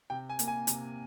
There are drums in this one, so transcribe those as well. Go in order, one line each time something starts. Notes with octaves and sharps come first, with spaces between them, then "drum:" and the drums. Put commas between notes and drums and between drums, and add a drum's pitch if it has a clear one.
C3 G5
G#5
A#3, drum: hi-hat
G#5
C3, drum: hi-hat